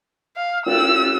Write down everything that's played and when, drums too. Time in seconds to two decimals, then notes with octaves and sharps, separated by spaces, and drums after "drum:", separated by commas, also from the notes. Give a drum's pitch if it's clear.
0.37 F5
0.66 E6, drum: cymbal